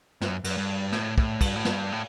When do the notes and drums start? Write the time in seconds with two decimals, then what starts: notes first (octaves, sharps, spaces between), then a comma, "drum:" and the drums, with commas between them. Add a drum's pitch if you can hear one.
0.21 G2, drum: snare
0.28 F#2
0.44 F#2, drum: cymbal
0.57 G2
0.92 A2, drum: snare
1.18 A2, drum: kick
1.41 G2, drum: kick, cymbal
1.56 A2
1.65 G2, drum: snare
1.92 A2